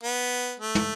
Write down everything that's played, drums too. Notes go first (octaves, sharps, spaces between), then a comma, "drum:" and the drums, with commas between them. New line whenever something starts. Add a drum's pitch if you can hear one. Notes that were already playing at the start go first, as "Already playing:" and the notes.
B3
A3
drum: tom